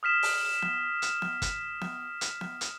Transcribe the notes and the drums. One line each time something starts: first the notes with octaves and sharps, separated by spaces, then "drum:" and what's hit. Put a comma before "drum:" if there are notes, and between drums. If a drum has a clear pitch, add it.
D#6 F6 B6 E7
drum: open hi-hat
drum: snare B3
drum: hi-hat
drum: snare B3
drum: kick, hi-hat
drum: snare B3
drum: hi-hat
drum: snare B3
drum: hi-hat